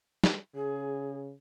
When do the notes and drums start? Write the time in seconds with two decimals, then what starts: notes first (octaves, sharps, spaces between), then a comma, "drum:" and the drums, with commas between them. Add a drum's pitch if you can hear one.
0.24 drum: snare
0.55 C#3 G#4